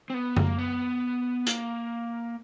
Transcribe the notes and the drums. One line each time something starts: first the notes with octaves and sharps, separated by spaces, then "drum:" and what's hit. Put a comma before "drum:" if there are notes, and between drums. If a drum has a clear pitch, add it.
C4
B3
A#3, drum: tom
B3
A#3, drum: hi-hat